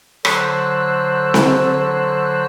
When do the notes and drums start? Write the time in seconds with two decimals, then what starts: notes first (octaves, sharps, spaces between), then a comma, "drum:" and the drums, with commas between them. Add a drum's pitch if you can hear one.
0.25 D3 F#3 C5 E6 F#6, drum: rim click
1.34 drum: snare C4